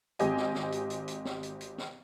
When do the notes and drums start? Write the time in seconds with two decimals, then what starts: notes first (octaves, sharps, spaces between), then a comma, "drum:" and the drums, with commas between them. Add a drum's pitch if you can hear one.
0.19 G#1 C4 G4 D#5 G#5, drum: hi-hat
0.37 drum: snare
0.55 drum: snare
0.72 drum: hi-hat
0.90 drum: hi-hat
1.08 drum: hi-hat
1.25 drum: snare
1.43 drum: hi-hat
1.61 drum: hi-hat
1.78 drum: snare